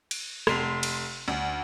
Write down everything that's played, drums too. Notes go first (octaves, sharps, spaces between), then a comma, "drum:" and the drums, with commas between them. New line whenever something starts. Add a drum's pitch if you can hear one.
drum: cymbal
F1 C6 F7, drum: rim click
drum: cymbal
D2